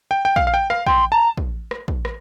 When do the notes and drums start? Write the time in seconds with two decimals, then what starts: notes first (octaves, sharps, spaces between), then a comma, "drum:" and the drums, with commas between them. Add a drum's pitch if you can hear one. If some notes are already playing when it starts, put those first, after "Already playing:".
0.11 G5
0.25 G5
0.36 F5, drum: kick
0.47 F5
0.54 G5
0.70 F5, drum: rim click
0.87 G5 C6, drum: kick
1.12 A5 A#5
1.37 drum: kick
1.71 drum: rim click
1.88 drum: kick
2.05 drum: rim click